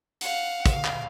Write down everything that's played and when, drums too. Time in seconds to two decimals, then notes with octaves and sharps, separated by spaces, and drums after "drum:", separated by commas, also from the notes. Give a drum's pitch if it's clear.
0.21 F5 F#5, drum: hi-hat
0.66 F5, drum: kick, hi-hat
0.85 drum: clap